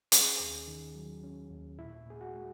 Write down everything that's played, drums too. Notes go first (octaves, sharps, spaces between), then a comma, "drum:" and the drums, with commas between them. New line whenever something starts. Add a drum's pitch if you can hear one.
C#4 G#4, drum: hi-hat
D#2
D#3
F#3
C#4
D#2
A#2 E4
A#2 G#4
F#4
G#3